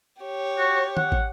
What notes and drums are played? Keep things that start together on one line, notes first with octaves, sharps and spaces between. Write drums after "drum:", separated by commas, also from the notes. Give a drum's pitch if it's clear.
G4 C#5
F#4
F#5, drum: tom
drum: kick